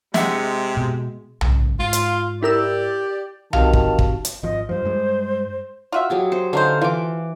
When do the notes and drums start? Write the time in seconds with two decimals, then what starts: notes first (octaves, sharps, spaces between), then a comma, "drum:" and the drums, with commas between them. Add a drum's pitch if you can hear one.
0.14 C3 G#3 E5 F#5, drum: snare
0.77 B2
1.41 G#1 C#2, drum: tom B1
1.79 G#2 F4
1.93 drum: hi-hat
2.43 E4 G4 A#4 D5 E6
3.53 D#3 C4 F#4 G4 F5 A5, drum: tom B1
3.73 drum: kick
3.99 drum: kick
4.25 drum: hi-hat
4.43 G#1 F3 D#5
4.69 G2 F3 C5
4.85 G2 G#3
5.92 F4 F#4 E5
6.10 F#3 G4 G#4
6.32 C5
6.53 D3 C#4 D#4 C5 F5
6.81 E3 F4 D6